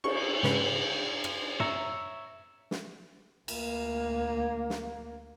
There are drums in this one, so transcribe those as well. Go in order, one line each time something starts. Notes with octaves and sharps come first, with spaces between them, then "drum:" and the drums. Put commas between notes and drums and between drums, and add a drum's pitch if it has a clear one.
C#6, drum: cymbal
G#2 C#3 B4, drum: snare
drum: rim click
C#5 E5 A#5, drum: tom
drum: snare
D2 A#3, drum: cymbal
drum: snare